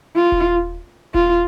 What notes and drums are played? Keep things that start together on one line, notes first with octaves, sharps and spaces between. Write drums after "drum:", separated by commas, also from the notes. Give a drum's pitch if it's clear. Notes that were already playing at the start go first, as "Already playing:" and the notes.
F4
drum: kick D#1
F4, drum: kick D#1